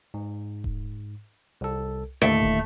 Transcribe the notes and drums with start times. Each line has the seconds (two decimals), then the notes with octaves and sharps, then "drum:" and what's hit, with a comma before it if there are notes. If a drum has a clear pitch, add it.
0.14 G#2
0.64 drum: kick D#1
1.61 C2 A4
2.22 D#2 A2 D3 A3
2.41 drum: kick D#1